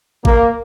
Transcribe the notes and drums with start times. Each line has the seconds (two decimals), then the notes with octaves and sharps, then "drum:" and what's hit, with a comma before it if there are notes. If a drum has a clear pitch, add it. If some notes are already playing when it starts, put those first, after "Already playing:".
0.25 A#3, drum: kick G#1